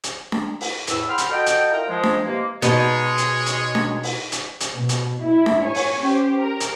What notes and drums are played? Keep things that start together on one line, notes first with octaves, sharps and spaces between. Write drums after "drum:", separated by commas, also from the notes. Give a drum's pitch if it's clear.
drum: hi-hat
drum: snare D4
drum: open hi-hat
E2 A2 E6, drum: hi-hat
F#5 G5 B5 C6 F6
drum: hi-hat
F#4 A4 D#5 G5
drum: hi-hat
E4 F4 A#4 G5 A#5
F3 G#3
drum: snare D4
C3 E3 G#3 A#3
B2 G#3 D#4 C#5, drum: hi-hat
drum: hi-hat
drum: hi-hat
drum: snare D4
drum: open hi-hat
drum: hi-hat
drum: hi-hat
B2
drum: hi-hat
E4
drum: snare D4
C#5 G#5 C#6
drum: open hi-hat
C#4 G4 C5
A#4
drum: hi-hat